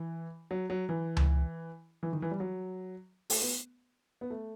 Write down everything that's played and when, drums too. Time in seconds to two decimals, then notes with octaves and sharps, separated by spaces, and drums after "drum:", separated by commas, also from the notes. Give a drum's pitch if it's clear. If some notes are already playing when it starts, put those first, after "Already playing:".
Already playing: E3
0.51 F#3
0.70 F#3
0.89 E3
1.17 drum: tom C#2
2.03 E3
2.13 D#3
2.22 E3
2.31 G3
2.40 F#3
3.30 A3, drum: open hi-hat
3.42 B3
4.21 B3
4.30 A3